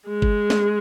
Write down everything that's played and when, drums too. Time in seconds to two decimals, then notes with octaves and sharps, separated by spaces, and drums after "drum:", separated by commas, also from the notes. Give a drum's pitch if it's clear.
0.08 G#3
0.22 drum: kick G1
0.50 drum: snare